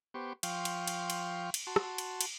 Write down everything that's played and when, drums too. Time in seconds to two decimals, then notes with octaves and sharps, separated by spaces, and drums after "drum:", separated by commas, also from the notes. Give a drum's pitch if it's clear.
0.14 B3 G4 C5 C#6
0.43 F3 F5 G5 C6 C#6, drum: cymbal
0.65 drum: cymbal
0.87 drum: cymbal
1.10 drum: cymbal
1.54 drum: cymbal
1.67 F#4 A5 C6
1.76 drum: rim click
1.98 drum: cymbal
2.21 drum: cymbal